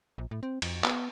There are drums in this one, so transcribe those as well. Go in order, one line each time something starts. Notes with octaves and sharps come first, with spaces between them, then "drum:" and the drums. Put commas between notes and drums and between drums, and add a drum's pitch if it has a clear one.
A#1
A2
C4
F2, drum: cymbal
B3, drum: clap